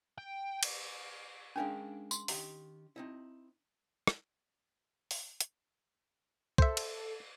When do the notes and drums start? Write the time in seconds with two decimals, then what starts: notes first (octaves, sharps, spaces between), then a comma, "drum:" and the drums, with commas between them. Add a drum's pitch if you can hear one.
0.18 G5
0.63 drum: cymbal
1.56 G#3 C#4 D4 A#4 F5 G#5
2.11 C6, drum: tambourine
2.28 D#3 G4 A#5, drum: open hi-hat
2.96 C4 D#4 E4
4.07 drum: rim click
5.11 drum: open hi-hat
5.41 drum: hi-hat
6.58 A4 C5 E5, drum: kick
6.77 drum: cymbal